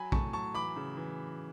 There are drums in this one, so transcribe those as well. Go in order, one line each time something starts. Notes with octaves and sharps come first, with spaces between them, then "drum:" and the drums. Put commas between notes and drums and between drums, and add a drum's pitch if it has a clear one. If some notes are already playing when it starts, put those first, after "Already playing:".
Already playing: F#3 G#5 B5
A2 A5 C#6, drum: kick A#1
F#3 A5 C#6
E3 B5 D6
C#3
E3